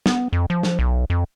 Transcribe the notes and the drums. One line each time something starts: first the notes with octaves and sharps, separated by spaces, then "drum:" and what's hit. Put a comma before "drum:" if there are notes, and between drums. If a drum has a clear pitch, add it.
B3, drum: snare
F2
F3
drum: snare
B1
F2